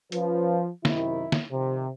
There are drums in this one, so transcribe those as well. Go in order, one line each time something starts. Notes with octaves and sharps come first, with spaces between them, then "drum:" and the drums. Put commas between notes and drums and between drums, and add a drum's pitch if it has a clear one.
F3 C#4 F4 B4, drum: hi-hat
F#2 C3 D#3 E4, drum: snare
drum: snare
C3 D#3 F3 C4